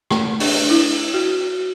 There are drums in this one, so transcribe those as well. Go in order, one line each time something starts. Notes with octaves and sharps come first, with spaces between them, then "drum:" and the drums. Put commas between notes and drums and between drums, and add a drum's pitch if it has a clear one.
A3, drum: rim click
D4, drum: open hi-hat
E4
F#4